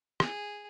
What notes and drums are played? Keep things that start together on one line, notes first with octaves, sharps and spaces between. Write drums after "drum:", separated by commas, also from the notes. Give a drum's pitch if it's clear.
G#4, drum: rim click